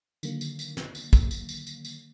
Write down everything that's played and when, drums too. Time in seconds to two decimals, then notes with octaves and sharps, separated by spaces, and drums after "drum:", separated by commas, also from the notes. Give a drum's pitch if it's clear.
0.23 D3 D#3 F#3 A#3, drum: tambourine
0.41 drum: tambourine
0.59 drum: tambourine
0.77 drum: snare
0.95 drum: tambourine
1.13 drum: kick, tambourine
1.31 drum: tambourine
1.49 drum: tambourine
1.67 drum: tambourine
1.85 drum: tambourine